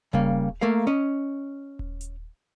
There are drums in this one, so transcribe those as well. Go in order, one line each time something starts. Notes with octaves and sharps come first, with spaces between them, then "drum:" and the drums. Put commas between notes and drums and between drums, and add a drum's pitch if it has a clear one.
C#3 G3 A#3, drum: kick D#1
A3 A#3 A#4 F5
C#4 D#5
drum: kick D#1
drum: hi-hat